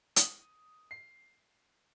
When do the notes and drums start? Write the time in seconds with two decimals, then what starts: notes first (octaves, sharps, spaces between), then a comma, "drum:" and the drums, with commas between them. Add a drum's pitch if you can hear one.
0.16 D#6, drum: hi-hat
0.91 C7